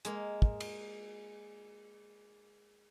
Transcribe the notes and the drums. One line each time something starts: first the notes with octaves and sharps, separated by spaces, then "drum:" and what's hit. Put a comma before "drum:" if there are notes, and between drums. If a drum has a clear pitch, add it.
G#3 A#3, drum: hi-hat
drum: kick
drum: cymbal